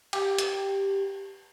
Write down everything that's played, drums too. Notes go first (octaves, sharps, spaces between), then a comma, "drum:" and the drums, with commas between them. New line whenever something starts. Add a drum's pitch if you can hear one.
G4, drum: cymbal
drum: hi-hat